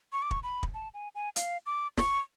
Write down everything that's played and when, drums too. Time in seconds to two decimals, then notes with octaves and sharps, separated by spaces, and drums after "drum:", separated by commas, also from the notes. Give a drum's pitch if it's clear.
0.12 C#6
0.22 D6
0.31 C#6, drum: kick
0.43 B5
0.63 drum: kick
0.74 A5
0.94 G#5
1.15 G#5
1.36 F5, drum: hi-hat
1.66 D6
1.97 C#6, drum: snare